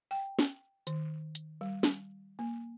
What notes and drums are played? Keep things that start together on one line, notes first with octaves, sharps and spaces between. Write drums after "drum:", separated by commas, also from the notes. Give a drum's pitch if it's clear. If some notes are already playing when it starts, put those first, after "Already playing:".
G5
drum: snare
D#3, drum: hi-hat
drum: hi-hat
G3
drum: snare
A#3